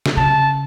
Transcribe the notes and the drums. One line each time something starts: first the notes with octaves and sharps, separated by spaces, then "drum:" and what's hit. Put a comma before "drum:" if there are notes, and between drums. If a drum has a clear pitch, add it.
drum: snare
C#3 A5